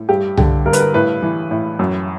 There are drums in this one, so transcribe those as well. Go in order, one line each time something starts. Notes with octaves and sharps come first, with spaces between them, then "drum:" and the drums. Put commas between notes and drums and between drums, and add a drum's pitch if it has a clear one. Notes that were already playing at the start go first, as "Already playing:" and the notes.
Already playing: A2
G2 G4
D3 G4, drum: tom C2
G2 A#4
B4, drum: hi-hat
A#4
A2 B4
E3
A2
F#2